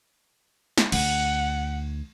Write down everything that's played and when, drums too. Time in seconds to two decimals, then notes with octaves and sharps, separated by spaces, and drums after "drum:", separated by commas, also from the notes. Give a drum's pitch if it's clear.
0.78 drum: snare
0.92 D2 F#5, drum: cymbal